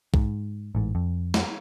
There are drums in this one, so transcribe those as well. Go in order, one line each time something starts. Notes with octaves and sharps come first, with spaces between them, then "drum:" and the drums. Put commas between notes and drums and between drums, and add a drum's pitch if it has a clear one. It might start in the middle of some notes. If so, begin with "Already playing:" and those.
G#2, drum: kick
A1 G#2
F2
drum: snare